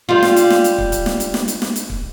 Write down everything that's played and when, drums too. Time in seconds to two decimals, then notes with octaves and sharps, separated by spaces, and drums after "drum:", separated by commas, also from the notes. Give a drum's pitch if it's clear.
0.09 G3 F4
0.23 drum: snare
0.36 drum: hi-hat
0.50 drum: snare
0.64 drum: hi-hat
0.78 drum: kick
0.92 drum: kick, hi-hat
1.06 drum: snare
1.20 drum: hi-hat
1.34 drum: snare
1.48 drum: hi-hat
1.62 drum: snare
1.76 drum: hi-hat
1.90 drum: kick